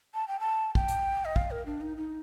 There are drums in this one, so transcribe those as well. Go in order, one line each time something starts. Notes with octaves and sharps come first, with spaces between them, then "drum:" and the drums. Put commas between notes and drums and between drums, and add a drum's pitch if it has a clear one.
A5
G5
A5
G5, drum: kick
drum: hi-hat
D#5
F5, drum: kick
A#4
D4
D#4
D#4